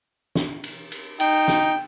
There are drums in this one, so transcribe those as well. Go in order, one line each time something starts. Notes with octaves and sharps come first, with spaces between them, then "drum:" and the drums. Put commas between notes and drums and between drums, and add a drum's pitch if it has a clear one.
drum: snare
drum: cymbal
drum: cymbal
D#4 G5, drum: cymbal
drum: snare